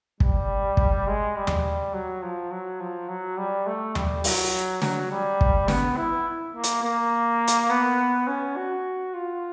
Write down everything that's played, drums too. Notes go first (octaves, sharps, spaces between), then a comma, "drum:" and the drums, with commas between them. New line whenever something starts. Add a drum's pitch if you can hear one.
G3, drum: kick
drum: kick
G#3
G3
drum: tom D#2
F#3
F3
F#3
F3
F#3
G3
A3
G3, drum: tom D#2
F#3, drum: open hi-hat
F#3, drum: snare
G3
drum: kick
B3, drum: snare
E4
A#3
drum: hi-hat
A#3
drum: hi-hat
B3
C#4
F#4
F4